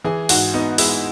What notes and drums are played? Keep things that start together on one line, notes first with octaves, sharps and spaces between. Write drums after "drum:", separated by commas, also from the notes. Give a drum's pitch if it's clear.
E3 G#4
G#2 F#4, drum: open hi-hat
B3 D#4
G#3 E4, drum: open hi-hat